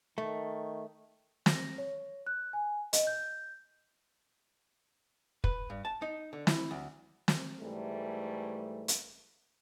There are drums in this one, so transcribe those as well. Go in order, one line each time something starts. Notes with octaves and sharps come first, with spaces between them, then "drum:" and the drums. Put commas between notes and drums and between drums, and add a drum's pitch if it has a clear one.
D#3 A3
A#6, drum: snare
C#5
F#6
G#5
D#5, drum: hi-hat
G6
B4, drum: kick
G2
A5
D#4
D3
E4, drum: snare
D2
drum: snare
G#2 E3 G3 A3
drum: hi-hat